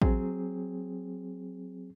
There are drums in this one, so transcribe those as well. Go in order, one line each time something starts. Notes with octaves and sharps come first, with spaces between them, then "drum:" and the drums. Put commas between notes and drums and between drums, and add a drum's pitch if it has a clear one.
F#3 C4 G#4, drum: kick A1